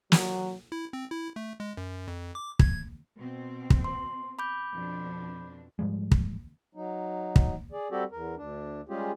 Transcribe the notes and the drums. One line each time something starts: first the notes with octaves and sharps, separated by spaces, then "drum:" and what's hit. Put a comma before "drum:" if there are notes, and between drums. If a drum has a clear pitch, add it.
F#3, drum: snare
E4
C4
E4
A3
G#3
F#2
F2
D6
G#6, drum: kick
B2 C4
drum: kick
C6
B5 D6 G6
F2 B2 D4
G#2 F3 G3 G#3
drum: kick
F#3 D#4
drum: kick
G#4 D5
G3 C4 F#4 G4 A4 D5
E2 A#4
D2 D4
G3 G#3 C#4 F4 G4 G#4